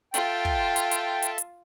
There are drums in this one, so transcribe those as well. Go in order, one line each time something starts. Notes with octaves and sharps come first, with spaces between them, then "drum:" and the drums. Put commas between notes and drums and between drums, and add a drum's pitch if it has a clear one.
F4 A4 E5 G5 A5, drum: hi-hat
drum: kick
drum: hi-hat
drum: hi-hat
drum: hi-hat
drum: hi-hat